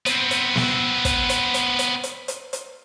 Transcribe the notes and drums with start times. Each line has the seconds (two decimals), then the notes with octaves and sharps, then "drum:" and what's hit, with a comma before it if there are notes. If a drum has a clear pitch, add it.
0.06 B3 C4, drum: hi-hat
0.31 drum: hi-hat
0.55 drum: snare
1.05 drum: kick, hi-hat
1.29 drum: hi-hat
1.54 drum: hi-hat
1.79 drum: hi-hat
2.03 drum: hi-hat
2.28 drum: hi-hat
2.53 drum: hi-hat